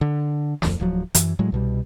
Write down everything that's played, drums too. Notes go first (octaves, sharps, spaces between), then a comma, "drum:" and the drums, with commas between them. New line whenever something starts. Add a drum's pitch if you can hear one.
D3
D1 F2, drum: snare
D1 F3 F#3
F#2 E3, drum: hi-hat
A2 F#3 G#3
C2 B2 G3